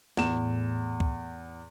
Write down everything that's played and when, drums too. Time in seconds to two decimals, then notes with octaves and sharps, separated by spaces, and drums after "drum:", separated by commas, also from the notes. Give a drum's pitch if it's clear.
0.17 E2 A2 E7, drum: snare
1.00 drum: kick C#2